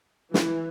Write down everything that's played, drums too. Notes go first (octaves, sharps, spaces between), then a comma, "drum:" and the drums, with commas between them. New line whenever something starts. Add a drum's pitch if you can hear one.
E3, drum: snare